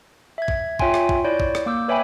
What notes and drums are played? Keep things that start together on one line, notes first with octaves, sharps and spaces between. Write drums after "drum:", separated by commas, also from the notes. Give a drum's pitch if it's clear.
E5 G#6
drum: kick
F4 C#5 E5 G5 G#5 C6, drum: kick
drum: rim click
drum: kick
E4 C#5 D5 G6 D7
drum: kick
drum: rim click
A#3 D6 E6 G6
B4 C#5 E5 G5 G#5 B5